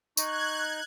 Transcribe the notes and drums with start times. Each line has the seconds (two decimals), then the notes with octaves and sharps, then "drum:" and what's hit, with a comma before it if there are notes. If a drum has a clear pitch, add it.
0.17 D#4 C#6 F#6 G#6, drum: tambourine